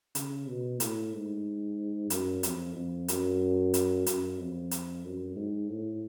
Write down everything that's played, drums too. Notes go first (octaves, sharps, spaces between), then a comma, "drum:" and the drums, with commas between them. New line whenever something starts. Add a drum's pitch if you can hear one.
C#3, drum: hi-hat
B2
A2, drum: hi-hat
G#2
F#2, drum: hi-hat
F2, drum: hi-hat
F2
F#2, drum: hi-hat
drum: hi-hat
F#2, drum: hi-hat
F2
drum: hi-hat
F#2
G#2
A2